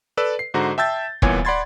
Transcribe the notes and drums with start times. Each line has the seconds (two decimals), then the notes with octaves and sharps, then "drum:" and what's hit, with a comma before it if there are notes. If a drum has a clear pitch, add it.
0.17 A4 B4 D5 E6
0.39 C7
0.54 G#2 D3 F#4 C5 A#5
0.78 E5 G5 A5 E6 G6 A6
1.22 C2 A#2 E3 B3 C#5 G#5, drum: kick E1
1.45 D5 F#5 B5 C6 G#6 A6